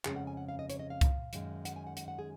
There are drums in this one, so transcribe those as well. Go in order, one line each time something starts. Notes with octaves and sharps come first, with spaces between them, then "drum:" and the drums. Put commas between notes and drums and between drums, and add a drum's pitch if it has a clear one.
F2 C#3 G#3 C#4 G#4, drum: clap
F#5
G#5
F#5
F5
D#5
C#5, drum: hi-hat
D#5
F5
drum: kick C2, hi-hat
F#2 D#3 G#3, drum: hi-hat
F#5, drum: hi-hat
G#5
F#5
F#5, drum: hi-hat
F#5
G#4